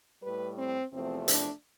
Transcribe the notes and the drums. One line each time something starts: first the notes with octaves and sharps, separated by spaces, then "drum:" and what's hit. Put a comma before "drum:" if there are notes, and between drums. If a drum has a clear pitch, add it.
A2 G3 B4
C4
E2 C3 F3 A3 C4
D4, drum: hi-hat